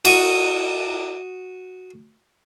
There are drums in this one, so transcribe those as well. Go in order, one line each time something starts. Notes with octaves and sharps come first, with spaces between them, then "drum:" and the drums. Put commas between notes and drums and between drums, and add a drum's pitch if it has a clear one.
F#4 C#6 D#6, drum: cymbal